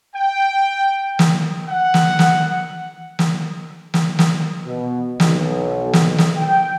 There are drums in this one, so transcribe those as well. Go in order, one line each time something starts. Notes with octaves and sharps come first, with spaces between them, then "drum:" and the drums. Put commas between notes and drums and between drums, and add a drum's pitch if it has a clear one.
G5
drum: snare
F#5
drum: snare
drum: snare
drum: snare
drum: snare
drum: snare
B2
B1, drum: snare
drum: snare
drum: snare
G5